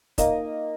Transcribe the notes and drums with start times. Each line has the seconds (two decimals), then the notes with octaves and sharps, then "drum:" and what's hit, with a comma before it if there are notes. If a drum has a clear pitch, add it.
0.18 A#3 D#4 D#5, drum: kick, hi-hat